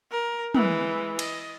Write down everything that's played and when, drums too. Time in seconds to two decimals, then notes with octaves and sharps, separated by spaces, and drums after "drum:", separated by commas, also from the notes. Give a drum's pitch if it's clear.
0.11 A#4
0.55 E3 G#3, drum: tom
1.19 D#5, drum: cymbal